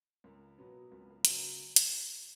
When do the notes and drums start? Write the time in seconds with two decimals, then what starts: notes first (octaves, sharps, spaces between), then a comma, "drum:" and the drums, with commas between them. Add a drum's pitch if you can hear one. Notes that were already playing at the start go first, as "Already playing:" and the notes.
0.24 C#2 A#3
0.59 B2 F#3 B3
0.91 C#2 A#3
1.01 B3
1.10 A#3
1.25 C#3 F#3 B3, drum: hi-hat
1.76 drum: hi-hat